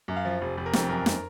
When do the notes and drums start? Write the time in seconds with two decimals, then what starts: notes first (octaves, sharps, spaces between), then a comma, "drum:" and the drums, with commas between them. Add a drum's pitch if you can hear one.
0.08 F#2
0.17 F5
0.25 F3
0.41 F1
0.57 F1
0.66 A#4
0.73 F2, drum: snare
0.89 F#2 A#4
1.06 drum: snare